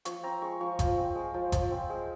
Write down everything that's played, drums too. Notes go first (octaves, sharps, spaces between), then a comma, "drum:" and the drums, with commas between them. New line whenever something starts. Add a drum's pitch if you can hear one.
F3 C#6, drum: hi-hat
C4 A#5
G#3 C#6
F3 C#6
F3, drum: kick G1, hi-hat
C4
G#3
F3
F3, drum: kick G1, hi-hat
C4
G#3